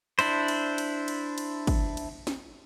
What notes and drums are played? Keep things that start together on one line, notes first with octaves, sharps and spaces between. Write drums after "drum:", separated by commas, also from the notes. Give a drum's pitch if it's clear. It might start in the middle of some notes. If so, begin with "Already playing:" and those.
D4 E4 C5, drum: cymbal
drum: cymbal
drum: cymbal
drum: cymbal
drum: cymbal
drum: kick, cymbal
drum: cymbal
drum: snare